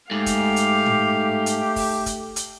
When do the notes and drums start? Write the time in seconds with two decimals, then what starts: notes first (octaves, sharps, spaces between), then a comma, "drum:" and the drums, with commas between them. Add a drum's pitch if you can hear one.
0.11 G#2 A3 G4 F5
0.26 drum: kick, hi-hat
0.56 drum: hi-hat
0.86 drum: tom A2
1.46 drum: hi-hat
1.76 drum: kick, open hi-hat
2.06 drum: kick, hi-hat
2.36 drum: hi-hat